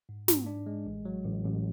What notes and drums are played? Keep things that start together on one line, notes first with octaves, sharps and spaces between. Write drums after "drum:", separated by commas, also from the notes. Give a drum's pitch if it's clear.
G#2
G#2, drum: snare
D4
G#3
A1
F#3
A1
A1